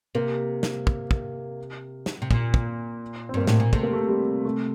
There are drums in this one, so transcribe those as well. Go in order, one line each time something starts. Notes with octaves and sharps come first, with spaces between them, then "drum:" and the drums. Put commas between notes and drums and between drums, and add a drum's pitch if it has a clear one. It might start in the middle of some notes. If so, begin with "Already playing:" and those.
C3 A#3
drum: snare
drum: kick
drum: kick
drum: snare
C3
A#2, drum: kick
drum: kick
C4
G2 A#3
A2, drum: snare
A#2
C3 A3, drum: kick
A#3
A3
G3
A3